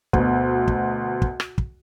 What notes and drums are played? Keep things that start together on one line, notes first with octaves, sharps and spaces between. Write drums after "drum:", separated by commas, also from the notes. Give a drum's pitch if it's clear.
D2 B2, drum: kick
drum: kick
drum: kick
drum: rim click
drum: kick